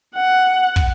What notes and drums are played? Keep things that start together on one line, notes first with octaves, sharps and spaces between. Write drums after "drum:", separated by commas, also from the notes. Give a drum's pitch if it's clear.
F#5
drum: kick